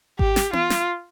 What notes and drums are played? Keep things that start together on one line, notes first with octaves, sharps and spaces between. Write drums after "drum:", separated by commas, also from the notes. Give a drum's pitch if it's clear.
G4, drum: kick G#1
drum: snare
F4, drum: tom B3
drum: snare